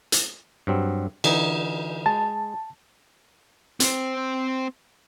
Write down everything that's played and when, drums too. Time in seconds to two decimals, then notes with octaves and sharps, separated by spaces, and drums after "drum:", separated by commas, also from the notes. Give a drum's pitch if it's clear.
0.12 drum: hi-hat
0.67 G2 F#3 C4
1.24 D3 E3 D#4, drum: cymbal
2.06 G#3 A5
3.80 C4 C5, drum: hi-hat